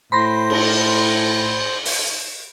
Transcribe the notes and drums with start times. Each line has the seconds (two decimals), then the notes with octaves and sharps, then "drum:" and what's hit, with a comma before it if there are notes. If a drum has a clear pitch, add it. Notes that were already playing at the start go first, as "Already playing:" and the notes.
0.12 A2 C5 B5 C6 A#6
0.50 drum: cymbal
1.85 drum: open hi-hat